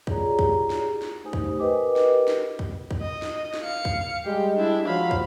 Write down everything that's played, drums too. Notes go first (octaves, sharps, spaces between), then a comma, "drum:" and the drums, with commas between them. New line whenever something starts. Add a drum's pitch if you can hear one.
F4 G4 G#4 C#5 D5 A#5, drum: kick
drum: kick
drum: snare
drum: snare
A3 D#4 G4 C5 G#5 D#6
drum: kick
G4 A#4 B4 D#5 G5 D6
drum: snare
drum: snare
drum: kick
drum: kick
D#5
drum: snare
drum: snare
F5 C#7
drum: kick
G3 G#3 G4
D4 E4
F3 F#3 F5 B5
drum: kick